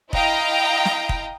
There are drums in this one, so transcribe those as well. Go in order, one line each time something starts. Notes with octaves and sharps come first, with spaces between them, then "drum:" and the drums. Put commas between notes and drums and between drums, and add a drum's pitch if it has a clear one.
E4 D#5 F5 G5 A#5, drum: kick
drum: snare
drum: kick